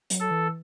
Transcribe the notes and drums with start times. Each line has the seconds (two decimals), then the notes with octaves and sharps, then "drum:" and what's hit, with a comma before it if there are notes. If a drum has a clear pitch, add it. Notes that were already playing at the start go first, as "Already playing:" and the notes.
0.10 F#3, drum: hi-hat
0.20 A4
0.31 E3